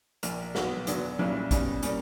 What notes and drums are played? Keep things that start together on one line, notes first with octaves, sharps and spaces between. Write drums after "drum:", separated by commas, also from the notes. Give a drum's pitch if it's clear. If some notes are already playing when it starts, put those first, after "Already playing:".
A#1 A#2 A#3, drum: hi-hat
B1 B2 F#3 B3 F#4, drum: snare
E2 D3 F#3 B3, drum: hi-hat
B1 A#2 G3 C#4 E4, drum: tom F#3
B2 G3 C#4, drum: kick, hi-hat
G3 A#3 C#4, drum: hi-hat